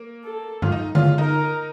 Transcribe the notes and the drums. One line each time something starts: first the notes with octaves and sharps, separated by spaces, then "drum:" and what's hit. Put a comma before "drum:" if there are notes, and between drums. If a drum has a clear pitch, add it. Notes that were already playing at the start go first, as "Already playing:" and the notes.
Already playing: A#3
A4
F4, drum: tom G2
D#4
F4, drum: tom D3
D#4 A#4